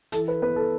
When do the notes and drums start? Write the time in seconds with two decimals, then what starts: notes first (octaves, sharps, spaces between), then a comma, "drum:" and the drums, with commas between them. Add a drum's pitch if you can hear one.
0.12 E3 A4, drum: hi-hat
0.28 B4
0.42 B3 B4
0.56 A4